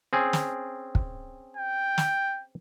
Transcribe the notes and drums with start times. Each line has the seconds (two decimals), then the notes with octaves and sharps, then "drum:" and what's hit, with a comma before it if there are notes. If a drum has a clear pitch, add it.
0.13 C4 C#4 G#4
0.33 drum: snare
0.95 drum: kick
1.57 G5
1.98 drum: snare